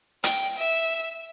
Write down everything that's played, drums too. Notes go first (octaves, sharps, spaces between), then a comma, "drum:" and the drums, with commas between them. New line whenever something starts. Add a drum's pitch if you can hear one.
G5, drum: hi-hat
E5